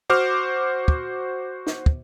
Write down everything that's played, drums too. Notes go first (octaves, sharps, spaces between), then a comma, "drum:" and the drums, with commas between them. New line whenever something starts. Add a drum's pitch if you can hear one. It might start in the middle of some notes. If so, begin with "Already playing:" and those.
F#4 C5 D6 F6
drum: kick
drum: snare
drum: kick